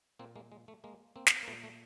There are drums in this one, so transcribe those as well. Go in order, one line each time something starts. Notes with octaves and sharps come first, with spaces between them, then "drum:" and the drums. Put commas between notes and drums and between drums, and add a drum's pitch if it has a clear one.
A#2 A#3 C4
G#3 A#3
G#3
A3
G#3 A#3
A#3 C4
drum: snare
A#3
A#2 A3 B3
A3